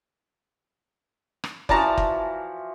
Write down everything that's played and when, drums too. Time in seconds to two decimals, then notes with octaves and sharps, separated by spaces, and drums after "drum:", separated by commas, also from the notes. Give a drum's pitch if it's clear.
1.44 drum: rim click
1.69 E3 F3 F#4 D5 A5 A#5, drum: kick F#1
1.97 drum: kick F#1